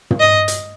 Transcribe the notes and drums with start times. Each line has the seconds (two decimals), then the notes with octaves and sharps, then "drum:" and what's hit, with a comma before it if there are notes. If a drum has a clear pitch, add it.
0.11 drum: tom
0.20 D#5
0.48 drum: hi-hat